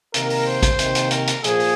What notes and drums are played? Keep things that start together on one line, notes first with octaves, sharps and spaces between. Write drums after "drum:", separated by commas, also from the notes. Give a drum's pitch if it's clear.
C3 D#3 A#3 A#4, drum: hi-hat
drum: open hi-hat
C5
drum: kick A1, hi-hat
C3 D#3 A#3, drum: hi-hat
drum: hi-hat
A#4, drum: hi-hat
drum: hi-hat
A#2 F3 G#4, drum: hi-hat
drum: open hi-hat